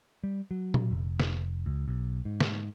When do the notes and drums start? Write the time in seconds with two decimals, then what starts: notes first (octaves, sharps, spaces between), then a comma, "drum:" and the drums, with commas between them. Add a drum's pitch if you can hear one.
0.24 G3
0.51 F#3
0.74 drum: tom A#2
0.91 F1
1.20 drum: snare
1.66 C#2
1.88 B1
2.25 G#2
2.40 drum: snare